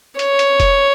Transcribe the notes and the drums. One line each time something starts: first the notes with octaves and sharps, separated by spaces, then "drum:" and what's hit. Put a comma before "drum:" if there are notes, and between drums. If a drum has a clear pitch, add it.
C#5, drum: hi-hat
drum: hi-hat
drum: kick F1, hi-hat